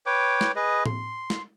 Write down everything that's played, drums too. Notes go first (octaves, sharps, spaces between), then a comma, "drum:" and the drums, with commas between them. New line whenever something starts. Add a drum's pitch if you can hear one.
B4 C#5 G5 D6
drum: snare
G#4 B4 D#5
C6, drum: tom A2
drum: snare